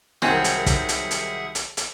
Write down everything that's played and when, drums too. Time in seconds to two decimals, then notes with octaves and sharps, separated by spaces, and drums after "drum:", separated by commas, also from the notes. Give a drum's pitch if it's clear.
0.22 C2 D#3 F#3 C4 G#4 E5 F#5 G#5, drum: snare
0.44 drum: hi-hat
0.66 drum: kick, hi-hat
0.89 drum: hi-hat
1.11 drum: hi-hat
1.55 drum: hi-hat
1.77 drum: hi-hat